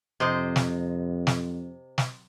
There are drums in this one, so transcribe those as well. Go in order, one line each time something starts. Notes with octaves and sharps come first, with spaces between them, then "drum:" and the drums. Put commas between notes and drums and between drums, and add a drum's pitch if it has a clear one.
F2 C3 C5 D#5
drum: snare
drum: snare
drum: snare